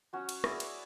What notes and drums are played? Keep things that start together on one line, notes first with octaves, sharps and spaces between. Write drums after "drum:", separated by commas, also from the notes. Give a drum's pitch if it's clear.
F#3 C#4 F#4
drum: cymbal
E4 G#4 D5, drum: rim click
drum: cymbal